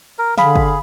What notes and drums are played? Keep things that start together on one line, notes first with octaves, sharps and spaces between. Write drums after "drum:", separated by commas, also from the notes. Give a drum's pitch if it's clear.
A#4
D3 G#4 F5 B5, drum: snare
drum: kick